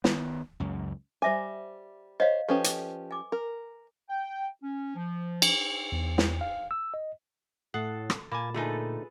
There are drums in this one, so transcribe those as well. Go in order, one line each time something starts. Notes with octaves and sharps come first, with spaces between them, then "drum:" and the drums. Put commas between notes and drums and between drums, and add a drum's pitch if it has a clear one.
D#3 B3, drum: snare
C#2 F#2
G3 C5 E5 G#5 D6
C5 C#5 D#5 F5
F3 C#4 G4 A4 B4 C5
drum: hi-hat
G#5 D6
A#4
G5
C#4
F3
drum: cymbal
E2
drum: snare
F5
E6
D#5
A2 A4 F#5 D#6 F#6 C7
drum: rim click
A#2 A#3 G#5 A5 B5 D6
D3 A3 D#4 F4 G#4 A4 B4 G#5